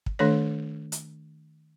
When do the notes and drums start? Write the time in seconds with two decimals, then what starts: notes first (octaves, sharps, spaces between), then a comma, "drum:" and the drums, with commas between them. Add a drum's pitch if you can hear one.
0.06 drum: kick
0.19 D#3 A3 D4 A4 C#5
0.92 drum: hi-hat